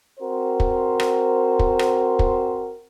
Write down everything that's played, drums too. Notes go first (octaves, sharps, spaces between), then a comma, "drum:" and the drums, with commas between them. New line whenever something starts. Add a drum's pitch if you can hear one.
C4 F#4 A#4 C5
drum: kick
drum: rim click
drum: kick
drum: rim click
drum: kick